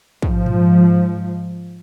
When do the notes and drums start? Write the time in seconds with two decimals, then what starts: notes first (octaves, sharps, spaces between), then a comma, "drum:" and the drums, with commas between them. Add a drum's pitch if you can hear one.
0.22 G#2 F3, drum: kick
0.46 drum: tom A#2